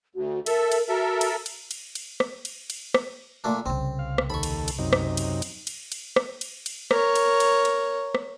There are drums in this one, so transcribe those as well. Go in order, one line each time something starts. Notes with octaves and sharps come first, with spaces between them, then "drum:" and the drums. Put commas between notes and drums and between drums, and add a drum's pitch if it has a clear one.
D2 F#4
A4 A#4 E5, drum: cymbal
drum: cymbal
F#4 A4 A#4 E5
drum: cymbal
drum: cymbal
drum: cymbal
drum: cymbal
drum: rim click
drum: cymbal
drum: cymbal
drum: rim click
A#2 A3 D4
C2 C#3 C4
F5
drum: rim click
D#2 A4 B5 C#6
drum: cymbal
drum: cymbal
F#2 C3 D#4
drum: rim click
drum: cymbal
drum: cymbal
drum: cymbal
drum: cymbal
drum: rim click
drum: cymbal
drum: cymbal
A#4 C#5, drum: rim click
drum: cymbal
drum: cymbal
drum: cymbal
drum: rim click